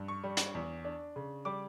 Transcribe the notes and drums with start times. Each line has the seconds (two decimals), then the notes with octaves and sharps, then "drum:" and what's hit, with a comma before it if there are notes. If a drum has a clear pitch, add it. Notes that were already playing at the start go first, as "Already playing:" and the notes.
Already playing: G2
0.08 C#6
0.24 G3
0.37 drum: hi-hat
0.55 E2
0.85 D4
1.16 C#3
1.45 G3 D6